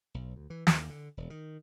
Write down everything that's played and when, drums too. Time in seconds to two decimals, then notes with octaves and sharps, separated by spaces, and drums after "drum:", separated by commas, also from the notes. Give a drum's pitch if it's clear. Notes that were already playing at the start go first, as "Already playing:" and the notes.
0.14 B1
0.36 D2
0.50 E3
0.67 D#2, drum: snare
0.89 D3
1.17 E1
1.30 D#3